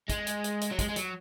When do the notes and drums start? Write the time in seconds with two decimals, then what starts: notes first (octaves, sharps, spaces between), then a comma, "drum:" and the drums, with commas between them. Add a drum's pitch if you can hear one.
0.09 G#3, drum: kick, hi-hat
0.27 drum: hi-hat
0.44 drum: hi-hat
0.61 drum: hi-hat
0.71 F#3
0.79 G#3, drum: kick, hi-hat
0.89 G#3
0.96 F#3, drum: hi-hat